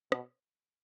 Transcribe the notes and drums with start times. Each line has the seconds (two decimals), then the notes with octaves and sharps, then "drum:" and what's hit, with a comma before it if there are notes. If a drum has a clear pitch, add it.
0.12 B2, drum: rim click